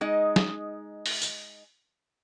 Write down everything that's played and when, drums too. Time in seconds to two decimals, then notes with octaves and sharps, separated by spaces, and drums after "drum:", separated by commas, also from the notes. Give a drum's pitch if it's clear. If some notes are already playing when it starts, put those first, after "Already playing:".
0.01 G#3 D#4 D#5
0.36 drum: snare
1.06 drum: open hi-hat
1.22 drum: tambourine